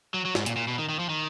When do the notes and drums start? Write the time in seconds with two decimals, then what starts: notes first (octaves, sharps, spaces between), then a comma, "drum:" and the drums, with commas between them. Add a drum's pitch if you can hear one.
0.14 F#3
0.25 F#3
0.35 G#2, drum: snare
0.46 A#2, drum: hi-hat
0.56 A#2
0.68 B2
0.78 D#3
0.89 D#3
0.99 F3
1.09 D#3